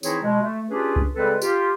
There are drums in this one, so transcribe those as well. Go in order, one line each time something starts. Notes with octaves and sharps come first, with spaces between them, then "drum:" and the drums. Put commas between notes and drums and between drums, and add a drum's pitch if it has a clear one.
E3 C4 D#4 E4 G#4 C#5, drum: tambourine
B2 G#3
A3
C#4 D4 F4 G4 G#4 B4
drum: kick C2
C#3 G3 G#3 C4 A4 B4
F4 G4, drum: tambourine